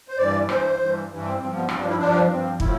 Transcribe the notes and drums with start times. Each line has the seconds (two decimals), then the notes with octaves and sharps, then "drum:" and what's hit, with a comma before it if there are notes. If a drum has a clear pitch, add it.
0.08 C5
0.18 G2 E3 D5
0.49 G2 E3 C5, drum: rim click
0.79 G2 E3
1.09 G2 E3
1.23 C4
1.39 G2 F3 C4
1.54 B3
1.69 G2 F3 C4, drum: rim click
1.79 D4
1.89 E4
1.99 G2 F3 D4
2.29 G2 F3 C4
2.60 A2 F3 E4, drum: kick